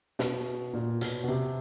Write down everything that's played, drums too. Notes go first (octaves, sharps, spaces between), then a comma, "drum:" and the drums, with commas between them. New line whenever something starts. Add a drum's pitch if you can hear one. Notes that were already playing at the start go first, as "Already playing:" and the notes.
B2, drum: snare
A#2
B2, drum: hi-hat
B2
C3